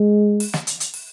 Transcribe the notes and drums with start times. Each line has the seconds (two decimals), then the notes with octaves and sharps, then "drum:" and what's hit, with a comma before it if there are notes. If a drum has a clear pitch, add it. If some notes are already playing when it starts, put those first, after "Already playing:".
Already playing: G#3
0.40 drum: open hi-hat
0.53 drum: snare
0.67 drum: hi-hat
0.80 drum: hi-hat
0.94 drum: open hi-hat